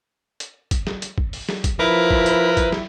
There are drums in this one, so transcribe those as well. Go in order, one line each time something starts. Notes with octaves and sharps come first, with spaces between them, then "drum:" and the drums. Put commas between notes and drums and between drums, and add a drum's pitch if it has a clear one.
drum: hi-hat
drum: kick, hi-hat
drum: snare
drum: hi-hat
drum: kick
drum: open hi-hat
drum: snare
drum: kick, hi-hat
F3 E4 A#4 B4
drum: kick
drum: hi-hat
drum: kick, hi-hat
drum: snare